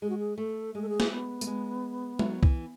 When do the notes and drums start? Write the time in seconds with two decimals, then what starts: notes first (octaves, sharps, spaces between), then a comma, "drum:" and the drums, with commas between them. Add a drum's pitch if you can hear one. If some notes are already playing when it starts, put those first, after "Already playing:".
0.02 G#3 G#4
0.10 F#4
0.18 G#4
0.38 A3 A4
0.74 G#3 G#4
0.82 A4
0.89 G#4
1.00 drum: snare
1.11 B3
1.41 A3, drum: tambourine
1.47 G#3
2.19 F#3, drum: tom G#3
2.43 E3, drum: kick C2